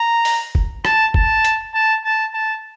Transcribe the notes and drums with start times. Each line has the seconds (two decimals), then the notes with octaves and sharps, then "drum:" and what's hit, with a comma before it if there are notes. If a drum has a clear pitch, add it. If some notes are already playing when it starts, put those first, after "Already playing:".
Already playing: A#5
0.25 drum: open hi-hat
0.55 drum: kick F#1
0.85 A5, drum: rim click
1.14 A5, drum: kick F#1
1.45 drum: hi-hat
1.74 A5
2.04 A5
2.34 A5